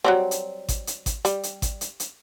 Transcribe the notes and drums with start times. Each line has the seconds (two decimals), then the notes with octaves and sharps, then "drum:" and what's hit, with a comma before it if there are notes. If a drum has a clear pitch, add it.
0.04 F#3 G3 C4
0.31 drum: hi-hat
0.69 drum: kick G#1, hi-hat
0.87 drum: hi-hat
1.06 drum: kick G#1, hi-hat
1.25 G3, drum: hi-hat
1.43 drum: hi-hat
1.62 drum: kick G#1, hi-hat
1.81 drum: hi-hat
2.00 drum: hi-hat